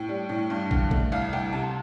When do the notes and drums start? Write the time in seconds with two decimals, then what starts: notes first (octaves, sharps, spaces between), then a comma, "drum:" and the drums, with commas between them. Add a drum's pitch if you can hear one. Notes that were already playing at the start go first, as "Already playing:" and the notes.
Already playing: A2 G5
0.09 G3
0.29 A2
0.50 G2
0.71 D3, drum: kick
0.91 A3, drum: kick
1.12 C2 F5
1.33 C2 G5
1.53 C3 A5